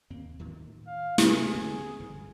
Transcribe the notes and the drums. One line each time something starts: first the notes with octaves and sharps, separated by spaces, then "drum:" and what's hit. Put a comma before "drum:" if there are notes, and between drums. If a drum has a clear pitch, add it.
D#2 A#3 C4
A2 D#3
F5
C3 G#4, drum: snare
D3 B3 C#4
G1 D3 F3